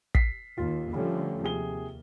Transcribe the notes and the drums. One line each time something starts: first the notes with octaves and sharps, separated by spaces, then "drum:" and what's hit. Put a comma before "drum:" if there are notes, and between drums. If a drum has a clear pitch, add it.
B6 C7, drum: kick
D#2 F4
D3 F3 G3 A3 C#4
D#2 C3 G#4 G7